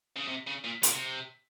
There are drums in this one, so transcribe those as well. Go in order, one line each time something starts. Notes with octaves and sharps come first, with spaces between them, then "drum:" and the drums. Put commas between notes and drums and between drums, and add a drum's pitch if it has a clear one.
C#3
C3
C#3
A#2
A#2, drum: hi-hat
C3